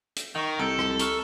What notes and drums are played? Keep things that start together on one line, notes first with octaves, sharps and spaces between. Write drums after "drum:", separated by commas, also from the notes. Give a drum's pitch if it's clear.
drum: hi-hat
D#3 D#5 C#6
C2 A4 G6 D7
drum: rim click
A#5 C#6 F6, drum: hi-hat